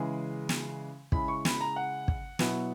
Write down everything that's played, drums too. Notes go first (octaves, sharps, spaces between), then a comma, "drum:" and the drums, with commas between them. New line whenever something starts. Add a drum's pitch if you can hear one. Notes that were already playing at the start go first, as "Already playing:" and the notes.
Already playing: C#3 E3 G#3
drum: snare
C#3 G#3 C#4 E4 B5, drum: kick
C#6
B5, drum: snare
A#5
F#5
drum: kick
B2 F#3 B3 E4, drum: snare